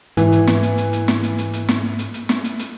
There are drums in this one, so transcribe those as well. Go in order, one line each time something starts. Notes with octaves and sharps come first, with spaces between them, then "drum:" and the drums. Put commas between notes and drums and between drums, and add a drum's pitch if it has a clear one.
G#2 E3, drum: hi-hat
drum: hi-hat
drum: snare
drum: hi-hat
drum: hi-hat
drum: hi-hat
drum: snare
drum: hi-hat
drum: hi-hat
drum: hi-hat
drum: snare
drum: hi-hat
drum: hi-hat
drum: snare
drum: hi-hat
drum: hi-hat